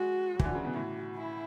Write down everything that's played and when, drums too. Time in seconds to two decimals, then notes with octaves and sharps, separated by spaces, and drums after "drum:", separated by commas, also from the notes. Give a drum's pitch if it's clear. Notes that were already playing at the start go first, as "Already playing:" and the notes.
Already playing: G#3 F#4
0.34 F#3
0.40 E3, drum: kick
0.44 D3
0.55 C#3
0.65 B2
0.74 A2 F#4
1.15 E4